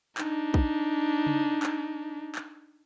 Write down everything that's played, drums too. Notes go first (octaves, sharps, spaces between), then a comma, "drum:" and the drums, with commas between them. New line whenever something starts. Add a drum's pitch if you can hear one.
D4 D#4, drum: clap
drum: kick
drum: tom C#3
drum: clap
drum: clap